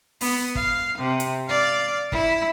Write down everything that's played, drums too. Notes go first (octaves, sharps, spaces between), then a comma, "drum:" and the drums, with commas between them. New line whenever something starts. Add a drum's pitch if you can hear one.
B3, drum: open hi-hat
F5, drum: kick
C3
drum: hi-hat
D5 F5
E4, drum: kick